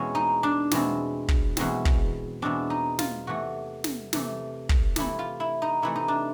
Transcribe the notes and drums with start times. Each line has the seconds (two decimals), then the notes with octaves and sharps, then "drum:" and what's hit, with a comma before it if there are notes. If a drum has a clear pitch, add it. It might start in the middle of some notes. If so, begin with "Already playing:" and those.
Already playing: E2 B2 G#3 C4 C#4
0.15 D#4
0.43 D4
0.71 E2 B2 G#3 C4, drum: snare
1.28 drum: kick
1.57 E2 B2 G#3 C4, drum: snare
1.85 drum: kick
2.42 E2 B2 G#3 C4 D4
2.70 D#4
2.99 F4, drum: snare
3.27 C3 E3 A3 F#4
3.84 drum: snare
4.13 C3 E3 A3, drum: snare
4.69 drum: kick
4.96 C3 E3 A3 E4, drum: snare
5.19 F4
5.40 E4
5.62 D#4
5.82 C3 E3 A3 E4
5.96 D#4
6.08 D4